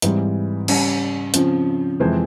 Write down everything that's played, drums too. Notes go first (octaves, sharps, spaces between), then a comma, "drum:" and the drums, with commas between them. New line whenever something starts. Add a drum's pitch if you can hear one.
G#2 E3 G3 C4, drum: hi-hat
C#3 G3 C#4, drum: cymbal
C#3 F3 C4, drum: hi-hat
F2 C3 E3 G#3 C4